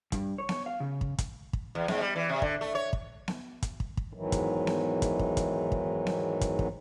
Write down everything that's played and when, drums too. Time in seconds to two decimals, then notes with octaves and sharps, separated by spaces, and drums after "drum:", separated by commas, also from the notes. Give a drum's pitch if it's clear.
0.12 G2, drum: kick, hi-hat
0.38 C#5
0.49 drum: snare B3
0.66 F5
0.80 C#3
1.01 drum: kick
1.18 drum: kick, hi-hat
1.53 drum: kick
1.75 E2
1.88 G#2, drum: snare B3
2.01 G3
2.16 E3
2.29 C3
2.42 D3, drum: kick
2.61 A3
2.75 C#5
2.93 drum: kick
3.28 drum: snare B3
3.62 drum: kick, hi-hat
3.80 drum: kick
3.97 drum: kick
4.13 E2 G#2 D#3 E3 F#3
4.32 drum: kick, hi-hat
4.67 drum: snare B3
5.02 drum: kick, hi-hat
5.19 drum: kick
5.37 drum: kick, hi-hat
5.72 drum: kick
6.07 drum: snare B3
6.41 drum: kick, hi-hat
6.59 drum: kick